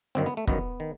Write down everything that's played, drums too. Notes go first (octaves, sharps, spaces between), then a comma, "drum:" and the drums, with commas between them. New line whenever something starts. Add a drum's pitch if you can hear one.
G1 F#2 D#3 C4
B3
A3
G1 F#2 D#3 B3, drum: kick
D#3